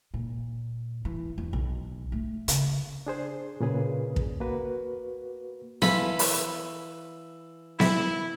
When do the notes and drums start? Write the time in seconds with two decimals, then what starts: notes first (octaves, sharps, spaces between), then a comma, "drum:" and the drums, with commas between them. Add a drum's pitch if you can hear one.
0.14 A#2
1.05 E3
1.38 E2
1.53 B1 D#3
2.12 A3
2.48 C#3, drum: hi-hat
3.07 D4 G#4 C5
3.60 A#2 C#3 G#4 B4
4.16 drum: kick
4.40 A#3 F#4 B4
5.82 E3 F4 A4 B5, drum: snare B3
6.19 drum: open hi-hat
7.80 E4, drum: snare B3